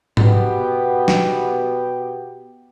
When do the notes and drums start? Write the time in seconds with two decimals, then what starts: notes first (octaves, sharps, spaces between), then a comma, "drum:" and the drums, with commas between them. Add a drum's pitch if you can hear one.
0.17 B2 B3 G4, drum: tom G#2
1.08 drum: snare